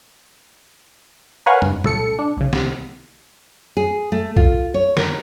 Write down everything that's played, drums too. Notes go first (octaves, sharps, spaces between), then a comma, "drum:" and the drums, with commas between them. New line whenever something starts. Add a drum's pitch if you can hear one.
A#4 B4 C#5 F5 F#5 G#5
G2, drum: tom
C#2 A4 C#7, drum: tom
D4
B1 C#3
C2 C3, drum: snare
G#4
A3
F4, drum: kick B1
C#5
A#4, drum: snare